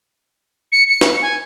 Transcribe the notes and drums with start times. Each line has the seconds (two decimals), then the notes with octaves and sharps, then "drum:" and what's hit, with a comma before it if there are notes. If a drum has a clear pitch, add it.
0.72 C#7
0.88 C#7
1.01 drum: snare
1.22 G#5